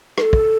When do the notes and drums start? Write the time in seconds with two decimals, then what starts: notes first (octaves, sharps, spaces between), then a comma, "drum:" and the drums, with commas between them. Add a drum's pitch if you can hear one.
0.18 B4, drum: rim click
0.22 A4
0.33 drum: kick